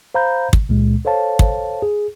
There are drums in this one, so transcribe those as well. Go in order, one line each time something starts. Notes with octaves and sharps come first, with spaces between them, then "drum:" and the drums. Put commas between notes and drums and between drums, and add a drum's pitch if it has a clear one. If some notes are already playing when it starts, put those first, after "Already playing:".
C5 F5 A#5 B5 G6
drum: kick
C#2 A#2 G#3
A4 C5 C#5 F5 A5
drum: kick
G#4